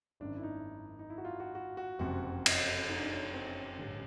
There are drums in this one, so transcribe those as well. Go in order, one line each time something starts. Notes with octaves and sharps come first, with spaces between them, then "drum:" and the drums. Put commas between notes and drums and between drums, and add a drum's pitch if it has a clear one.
G#1 F#2 D#3 D4
E4
D#4
D#4
E4
F#4
F4
F#4
F#4
F#4
F#1 F2 C3 F#4
drum: cymbal
D#4
D4
D#4
C#4
C4
C#4
A1 G2 D3 C#4